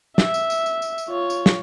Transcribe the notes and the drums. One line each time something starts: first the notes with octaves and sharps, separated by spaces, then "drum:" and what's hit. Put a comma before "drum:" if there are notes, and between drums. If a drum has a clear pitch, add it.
E5, drum: snare
drum: tambourine
drum: tambourine
drum: tambourine
drum: tambourine
drum: tambourine
F4 C#5
drum: tambourine
drum: snare